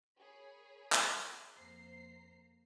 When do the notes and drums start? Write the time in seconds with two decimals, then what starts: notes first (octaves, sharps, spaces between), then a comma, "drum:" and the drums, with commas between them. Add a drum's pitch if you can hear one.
0.18 G#4 A#4 C#5 B5
0.92 drum: clap
1.56 F2 A#3 C5 A#5 C7